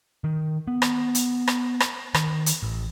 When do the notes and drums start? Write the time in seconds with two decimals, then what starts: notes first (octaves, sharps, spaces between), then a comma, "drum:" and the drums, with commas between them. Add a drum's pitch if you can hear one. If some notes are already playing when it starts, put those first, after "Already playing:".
0.24 D#3
0.67 B3
0.82 drum: rim click
1.15 drum: hi-hat
1.48 drum: rim click
1.80 drum: rim click
2.14 D#3, drum: rim click
2.46 drum: hi-hat
2.63 A1